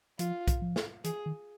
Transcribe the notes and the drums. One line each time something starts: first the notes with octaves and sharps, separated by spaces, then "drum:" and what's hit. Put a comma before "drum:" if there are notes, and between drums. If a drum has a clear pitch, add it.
F3 F4, drum: hi-hat
drum: kick B1, hi-hat
F3
drum: snare
E3 G#4, drum: hi-hat
D#3